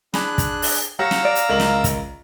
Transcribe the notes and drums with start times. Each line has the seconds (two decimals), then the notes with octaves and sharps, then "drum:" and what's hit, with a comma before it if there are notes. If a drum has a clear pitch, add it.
0.14 D4 G#4 B5 F#6, drum: snare
0.38 drum: kick, hi-hat
0.62 drum: open hi-hat
0.99 G4 C#5 F5 F#5 A#5 E6 A#6
1.11 drum: snare
1.25 D5
1.35 drum: hi-hat
1.49 C#2 A#4 F#7
1.60 drum: snare
1.84 drum: kick, hi-hat